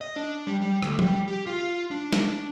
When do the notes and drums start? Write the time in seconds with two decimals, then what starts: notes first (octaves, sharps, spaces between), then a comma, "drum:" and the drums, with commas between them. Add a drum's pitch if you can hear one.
0.01 D#5
0.16 D4
0.47 G3
0.61 G3
0.82 D2, drum: rim click
0.99 G3, drum: tom
1.28 G4
1.46 F4
1.91 D4
2.13 D4, drum: snare